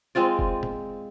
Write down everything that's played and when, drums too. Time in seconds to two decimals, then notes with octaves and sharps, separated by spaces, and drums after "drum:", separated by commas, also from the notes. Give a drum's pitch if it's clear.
0.15 G#3 C4 F4 D5
0.39 drum: kick
0.63 drum: tom